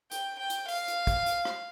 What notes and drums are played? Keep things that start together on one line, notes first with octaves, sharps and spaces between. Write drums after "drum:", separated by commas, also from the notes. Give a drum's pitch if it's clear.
G5, drum: hi-hat
G5
drum: hi-hat
F5, drum: open hi-hat
drum: hi-hat
drum: kick, hi-hat
drum: hi-hat
drum: rim click